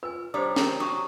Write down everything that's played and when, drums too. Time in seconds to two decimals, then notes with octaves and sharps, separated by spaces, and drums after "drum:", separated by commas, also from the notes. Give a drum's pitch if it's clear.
0.03 F4 B4 G#5 E6
0.34 G3 D4 C5 C#5 A#5 D#6
0.56 D#3 C4 G4 A#4, drum: snare
0.80 F#3 A5 C#6 D#6